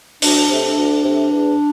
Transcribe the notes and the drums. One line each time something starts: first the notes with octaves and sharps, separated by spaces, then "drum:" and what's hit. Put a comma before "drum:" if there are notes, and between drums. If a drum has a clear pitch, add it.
D2 D4, drum: open hi-hat
C3 A3
D2
C3 A3
E2